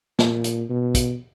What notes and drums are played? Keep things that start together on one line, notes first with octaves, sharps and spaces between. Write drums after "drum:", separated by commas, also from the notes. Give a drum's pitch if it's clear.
A#2, drum: snare
drum: hi-hat
B2
drum: kick, hi-hat